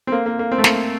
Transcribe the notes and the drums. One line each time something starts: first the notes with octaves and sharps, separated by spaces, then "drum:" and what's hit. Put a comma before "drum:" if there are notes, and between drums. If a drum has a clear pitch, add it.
C4
A#3
A#3
A#3
C4
A3
A#3, drum: snare